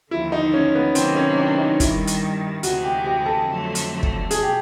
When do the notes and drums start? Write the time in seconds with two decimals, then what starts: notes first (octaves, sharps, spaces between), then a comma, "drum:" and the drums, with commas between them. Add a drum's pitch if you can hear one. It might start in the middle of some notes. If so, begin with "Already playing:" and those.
0.11 D#2 D3 F3 E4
0.32 D#4
0.54 C#4
0.75 B3
0.95 C3 D#3 F#3 A#3 C4, drum: hi-hat
1.16 C#4
1.38 D4
1.58 D#4
1.80 G2 D#3 G3 E4, drum: kick, hi-hat
2.07 drum: hi-hat
2.63 D2 C3 E3 G#3 F#4, drum: hi-hat
2.84 G4
3.06 G4
3.26 A4
3.47 F2 D3 F#3 A3
3.75 drum: hi-hat
4.03 drum: kick
4.31 B2 G#4, drum: hi-hat
4.43 G4